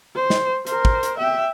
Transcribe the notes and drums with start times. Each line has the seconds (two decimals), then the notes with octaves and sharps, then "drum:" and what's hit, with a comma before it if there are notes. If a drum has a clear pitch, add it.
0.15 C5
0.30 drum: snare
0.67 A#4 C5, drum: hi-hat
0.85 drum: kick
1.03 drum: hi-hat
1.18 E5 G5